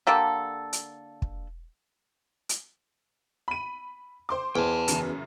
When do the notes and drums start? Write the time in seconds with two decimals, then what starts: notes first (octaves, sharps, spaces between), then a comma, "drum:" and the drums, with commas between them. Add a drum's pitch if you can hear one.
0.07 D3 A#3 G4 A4
0.73 drum: hi-hat
1.22 drum: kick
2.49 drum: hi-hat
3.48 B5 D#7
4.29 C5 C6 D6
4.56 E2 G5 A5
4.88 F#2 C#3 E3, drum: hi-hat